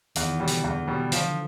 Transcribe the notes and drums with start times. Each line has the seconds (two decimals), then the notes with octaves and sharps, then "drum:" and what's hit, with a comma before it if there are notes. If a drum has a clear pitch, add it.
0.15 E2 D#3, drum: hi-hat
0.32 E3
0.40 B2 G3
0.47 D3, drum: hi-hat
0.64 E2
0.88 B2 G3
1.12 D3 F3, drum: hi-hat